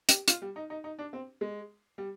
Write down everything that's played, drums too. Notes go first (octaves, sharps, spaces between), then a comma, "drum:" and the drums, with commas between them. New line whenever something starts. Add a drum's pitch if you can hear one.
G4, drum: hi-hat
F4, drum: hi-hat
G3
D#4
D#4
D#4
D4
C4
G#3
G3